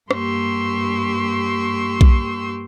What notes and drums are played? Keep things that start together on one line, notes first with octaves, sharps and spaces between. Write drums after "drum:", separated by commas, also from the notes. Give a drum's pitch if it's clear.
G2 A#3 G4 C6 C#6 E6, drum: rim click
drum: kick B1